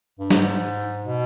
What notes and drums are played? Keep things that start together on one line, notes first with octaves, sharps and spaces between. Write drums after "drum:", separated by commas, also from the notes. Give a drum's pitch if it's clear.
G2
G#2, drum: snare
B2